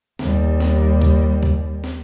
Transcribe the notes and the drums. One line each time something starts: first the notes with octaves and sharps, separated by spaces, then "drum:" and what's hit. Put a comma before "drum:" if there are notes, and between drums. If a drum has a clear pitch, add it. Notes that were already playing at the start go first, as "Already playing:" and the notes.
D#2 G3, drum: snare
drum: snare
drum: kick C#2
drum: kick C#2
drum: snare